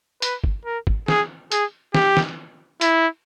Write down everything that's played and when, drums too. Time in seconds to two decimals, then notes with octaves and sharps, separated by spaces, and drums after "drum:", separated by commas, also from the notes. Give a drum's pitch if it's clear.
0.22 B4, drum: hi-hat
0.44 drum: kick G#1
0.65 A#4
0.87 drum: kick G#1
1.08 G#4, drum: snare
1.52 G#4, drum: hi-hat
1.95 G4, drum: snare
2.17 drum: snare
2.81 E4, drum: hi-hat